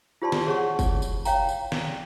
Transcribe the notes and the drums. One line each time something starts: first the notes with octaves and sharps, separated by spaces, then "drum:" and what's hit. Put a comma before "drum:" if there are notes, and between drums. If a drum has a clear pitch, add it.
F4 G4 C5 D5 A5 C6
drum: snare
G#4 C#5 F#5 C#6
drum: kick F#1, tambourine
drum: tambourine
C#5 F5 G5 A#5, drum: tambourine
drum: tambourine
drum: snare